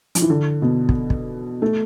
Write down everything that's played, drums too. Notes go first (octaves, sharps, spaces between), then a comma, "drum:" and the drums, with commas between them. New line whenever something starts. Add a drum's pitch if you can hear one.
F3, drum: hi-hat
E3
D3
B2
drum: kick
drum: kick
A3